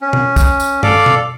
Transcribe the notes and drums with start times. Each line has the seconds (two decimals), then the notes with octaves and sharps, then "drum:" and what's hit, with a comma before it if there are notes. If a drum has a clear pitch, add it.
0.01 C#4
0.13 drum: tom B2
0.36 drum: kick, tambourine
0.60 drum: tambourine
0.83 A4 D5 F5 D6, drum: tom G2
1.06 drum: tom B2